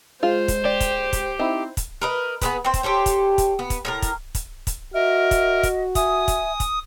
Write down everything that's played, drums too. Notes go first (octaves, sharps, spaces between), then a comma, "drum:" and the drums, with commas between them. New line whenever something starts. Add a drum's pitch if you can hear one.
G#3 F4 C5
drum: kick, hi-hat
G4 D5
drum: kick, hi-hat
drum: kick, hi-hat
C4 D#4 E4
drum: kick, hi-hat
A#4 B4 D#5
B3 G#4 B4, drum: kick, hi-hat
C4 C5
drum: kick, hi-hat
G4 A4 C5 C#5
drum: kick, hi-hat
drum: kick, hi-hat
B3
drum: kick, hi-hat
A2 G#4 A#4
drum: kick, hi-hat
drum: kick, hi-hat
drum: kick, hi-hat
F#4 A#4 D#5 E5
drum: kick, hi-hat
drum: kick, hi-hat
E5 G#5 D#6, drum: kick, hi-hat
drum: kick, hi-hat
drum: kick, hi-hat